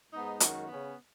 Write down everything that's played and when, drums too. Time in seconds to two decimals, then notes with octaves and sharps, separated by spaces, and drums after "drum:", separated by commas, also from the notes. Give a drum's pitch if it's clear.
0.12 G#2 G#3 B3 D#4
0.40 F#2 D#3 G#3 C#4 F#4, drum: hi-hat
0.68 C#3 B3 C#4